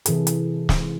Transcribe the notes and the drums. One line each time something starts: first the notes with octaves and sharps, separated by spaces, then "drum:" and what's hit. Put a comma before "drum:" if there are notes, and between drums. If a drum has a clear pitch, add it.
C3 E3 E4 G#4 A4, drum: hi-hat
drum: hi-hat
drum: snare